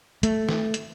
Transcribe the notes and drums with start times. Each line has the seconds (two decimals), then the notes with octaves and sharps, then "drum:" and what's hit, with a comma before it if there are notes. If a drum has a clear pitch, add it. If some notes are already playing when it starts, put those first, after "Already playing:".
0.23 A3, drum: hi-hat
0.49 drum: snare
0.74 drum: hi-hat